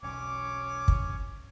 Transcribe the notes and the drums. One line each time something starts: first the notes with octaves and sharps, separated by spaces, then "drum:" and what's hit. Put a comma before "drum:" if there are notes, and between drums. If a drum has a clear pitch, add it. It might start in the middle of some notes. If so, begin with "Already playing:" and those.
E1 B1 C#4 C#5 D6
drum: kick